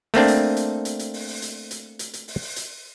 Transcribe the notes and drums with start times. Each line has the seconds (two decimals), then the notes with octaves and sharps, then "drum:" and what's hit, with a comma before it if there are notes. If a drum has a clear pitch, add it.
0.14 A3 A#3 C4 D4, drum: open hi-hat
0.28 drum: hi-hat
0.57 drum: hi-hat
0.85 drum: hi-hat
0.99 drum: hi-hat
1.14 drum: open hi-hat
1.28 drum: open hi-hat
1.42 drum: hi-hat
1.71 drum: hi-hat
1.99 drum: hi-hat
2.14 drum: hi-hat
2.28 drum: open hi-hat
2.42 drum: open hi-hat
2.56 drum: hi-hat